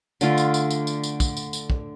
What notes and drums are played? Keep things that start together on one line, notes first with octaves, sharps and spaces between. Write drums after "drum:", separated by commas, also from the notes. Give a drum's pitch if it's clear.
D3 A3 F4, drum: tambourine
drum: tambourine
drum: tambourine
drum: tambourine
drum: tambourine
drum: tambourine
drum: kick, tambourine
drum: tambourine
drum: tambourine
drum: kick